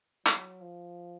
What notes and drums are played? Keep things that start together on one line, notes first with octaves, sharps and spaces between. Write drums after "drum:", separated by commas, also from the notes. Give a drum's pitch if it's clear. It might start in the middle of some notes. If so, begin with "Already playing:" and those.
F#3, drum: clap
F3